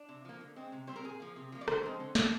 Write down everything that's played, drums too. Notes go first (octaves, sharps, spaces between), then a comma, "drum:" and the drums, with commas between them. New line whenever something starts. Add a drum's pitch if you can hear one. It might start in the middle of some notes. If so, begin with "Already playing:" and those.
Already playing: D4
C3
F3 A#3
D3
G#3 C4
C3
G3 C4 C5
A#4
A#2 G#4
F3 A#3
C3
F3 A#3
D5
D3 C5, drum: rim click
F3 G#3 C4
D3
F3 A#3, drum: snare